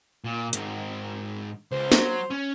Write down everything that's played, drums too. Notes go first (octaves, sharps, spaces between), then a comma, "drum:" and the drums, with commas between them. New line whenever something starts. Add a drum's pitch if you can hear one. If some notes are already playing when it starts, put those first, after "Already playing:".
A#2
G#2 D#3, drum: hi-hat
C#2 C5
F#3, drum: snare
C#4